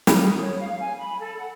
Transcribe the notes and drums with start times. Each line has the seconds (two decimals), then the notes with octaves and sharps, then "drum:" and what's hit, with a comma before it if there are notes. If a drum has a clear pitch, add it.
0.07 B5, drum: snare
0.23 D#6
0.40 C#5
0.59 F5
0.79 G#5
0.98 B5
1.19 A4
1.38 F#5